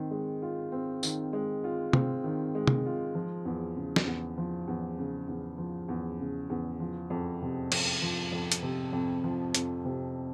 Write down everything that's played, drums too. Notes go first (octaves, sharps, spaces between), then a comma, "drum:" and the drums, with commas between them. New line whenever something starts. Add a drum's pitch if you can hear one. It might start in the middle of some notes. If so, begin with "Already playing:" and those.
Already playing: D#3 C4
G#3
F4
C4
D#3, drum: tambourine
G#3
F4
C4, drum: tom
D#3
G#3
drum: tom
F4
F3
E2
C#3
drum: snare
E2
F3
E2
C#3
E2
F3
E2
C#3
E2
F3
F2
C3
F2, drum: cymbal
F3
F2
drum: hi-hat
C3
F2
F3
F2, drum: hi-hat
C3